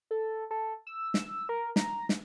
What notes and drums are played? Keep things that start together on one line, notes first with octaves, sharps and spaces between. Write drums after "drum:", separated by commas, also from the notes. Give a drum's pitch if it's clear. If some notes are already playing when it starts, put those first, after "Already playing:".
A4
A4
E6
drum: snare
A#4
A#5, drum: snare
drum: snare